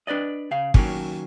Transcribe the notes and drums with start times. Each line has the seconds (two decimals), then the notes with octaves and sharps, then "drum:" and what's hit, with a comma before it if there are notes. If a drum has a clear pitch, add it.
0.07 D4 B4 D5 D#5
0.51 C#3 F5
0.74 D#3 F#3 A#3 C#4, drum: kick